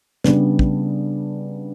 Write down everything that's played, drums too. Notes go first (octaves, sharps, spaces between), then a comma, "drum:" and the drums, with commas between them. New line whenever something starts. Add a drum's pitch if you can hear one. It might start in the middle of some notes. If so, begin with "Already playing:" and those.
C#3 G3 B3 D4, drum: snare
drum: kick